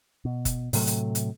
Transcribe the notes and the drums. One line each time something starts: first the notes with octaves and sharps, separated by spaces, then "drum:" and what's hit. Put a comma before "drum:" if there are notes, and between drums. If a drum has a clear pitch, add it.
B2
drum: kick F#1, hi-hat
A2 C3 F#3 A3, drum: open hi-hat
drum: hi-hat
drum: hi-hat